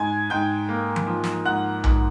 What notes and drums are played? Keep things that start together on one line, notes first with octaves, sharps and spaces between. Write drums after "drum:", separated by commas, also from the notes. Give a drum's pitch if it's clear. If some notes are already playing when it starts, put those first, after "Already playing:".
Already playing: G#2 G#5 G#6
G#2 G5 G6
A#3
drum: tom F3
F3
drum: snare
G#2 F#5 F#6
G#2, drum: tom A#1